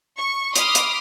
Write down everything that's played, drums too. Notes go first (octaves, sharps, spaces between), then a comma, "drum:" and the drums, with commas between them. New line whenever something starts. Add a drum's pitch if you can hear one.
C#6
B5 C6 D6 D#6 F6, drum: hi-hat
drum: hi-hat